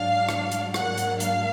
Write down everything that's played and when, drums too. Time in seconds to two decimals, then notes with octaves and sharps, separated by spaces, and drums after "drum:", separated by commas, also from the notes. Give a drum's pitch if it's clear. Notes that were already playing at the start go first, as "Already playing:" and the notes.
Already playing: G#2 F#3 D4 F5
0.29 drum: rim click
0.52 drum: hi-hat
0.74 G#2 F#3 A#3 D4 F#5, drum: rim click
0.97 drum: hi-hat
1.20 F5, drum: hi-hat